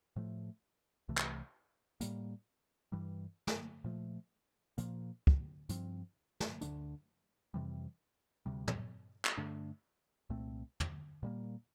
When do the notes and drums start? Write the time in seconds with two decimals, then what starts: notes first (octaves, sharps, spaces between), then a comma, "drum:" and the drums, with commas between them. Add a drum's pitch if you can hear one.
0.16 A2 F3 A3
1.08 C2 C3 E3 A3
1.17 drum: clap
2.01 A2 G3 A#3, drum: hi-hat
2.92 G2 E3 G3
3.47 drum: snare
3.84 A#2 F3 A3
4.78 A#2 F3 A#3, drum: hi-hat
5.27 drum: kick
5.69 G2 F3 C4, drum: hi-hat
6.40 drum: snare
6.61 D2 D3 A3 D4, drum: hi-hat
7.54 F2 C3 E3 G3
8.46 D2 C3 G3
8.68 drum: tom
9.25 drum: clap
9.37 G2 D3 A3 D4
10.30 C2 A#2 A3 C4
10.80 drum: tom
11.23 A#2 G3 A#3